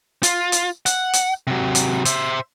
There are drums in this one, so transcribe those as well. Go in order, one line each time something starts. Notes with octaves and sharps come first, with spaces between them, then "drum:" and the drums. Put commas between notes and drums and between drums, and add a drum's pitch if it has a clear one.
F4, drum: hi-hat
drum: hi-hat
F#5, drum: hi-hat
drum: hi-hat
C3 F#3
drum: hi-hat
C5 E5, drum: hi-hat